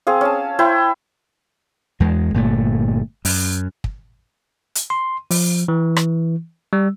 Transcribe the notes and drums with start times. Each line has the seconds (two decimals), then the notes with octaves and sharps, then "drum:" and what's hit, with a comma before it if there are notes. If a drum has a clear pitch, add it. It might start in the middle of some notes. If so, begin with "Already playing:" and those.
0.07 C4 G#4 F5
0.21 C#4 A5
0.59 E4 C5 G5
2.00 E2 G#3
2.34 G1 A#2 A3
3.25 F#2, drum: open hi-hat
3.84 drum: kick
4.75 drum: hi-hat
4.90 C6
5.31 F3, drum: open hi-hat
5.68 E3
5.96 drum: rim click
6.73 G3